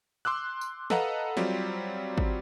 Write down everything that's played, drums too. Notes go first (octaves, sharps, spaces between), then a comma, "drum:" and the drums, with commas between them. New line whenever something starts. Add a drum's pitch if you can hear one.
C6 D6 E6 F#6
drum: tambourine
A4 B4 D#5 F5 F#5 A#5, drum: snare
F#3 G3 C4 F4 G4, drum: snare
drum: kick G#1